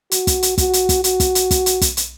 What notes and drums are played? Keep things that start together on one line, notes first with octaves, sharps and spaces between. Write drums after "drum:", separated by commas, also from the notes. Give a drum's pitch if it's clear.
F#4, drum: hi-hat
drum: kick, hi-hat
drum: hi-hat
F#4, drum: kick, hi-hat
drum: hi-hat
drum: kick, hi-hat
F#4, drum: hi-hat
drum: kick, hi-hat
drum: hi-hat
drum: kick, hi-hat
drum: hi-hat
drum: kick, hi-hat
drum: hi-hat